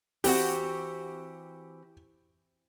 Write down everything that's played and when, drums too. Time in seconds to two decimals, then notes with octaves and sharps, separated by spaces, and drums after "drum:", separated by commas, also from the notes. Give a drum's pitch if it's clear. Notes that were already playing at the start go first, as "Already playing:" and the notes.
0.24 E3 C4 F#4 G4, drum: open hi-hat